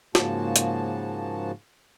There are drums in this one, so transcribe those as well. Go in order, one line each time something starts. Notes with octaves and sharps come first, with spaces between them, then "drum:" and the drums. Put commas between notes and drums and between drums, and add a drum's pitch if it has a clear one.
G#2 C#3 F3 A#3 F#4 A5, drum: snare
drum: hi-hat